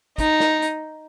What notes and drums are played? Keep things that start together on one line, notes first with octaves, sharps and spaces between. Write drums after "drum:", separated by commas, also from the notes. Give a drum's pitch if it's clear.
D#4, drum: kick, hi-hat
drum: snare
drum: hi-hat